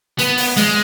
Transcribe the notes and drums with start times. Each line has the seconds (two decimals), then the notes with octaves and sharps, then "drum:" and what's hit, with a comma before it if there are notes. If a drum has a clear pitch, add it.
0.18 B3, drum: hi-hat
0.38 drum: open hi-hat
0.57 G#3, drum: hi-hat